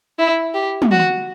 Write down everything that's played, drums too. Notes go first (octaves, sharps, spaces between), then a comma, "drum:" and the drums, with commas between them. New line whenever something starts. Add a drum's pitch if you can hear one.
E4
G4
drum: tom
F#4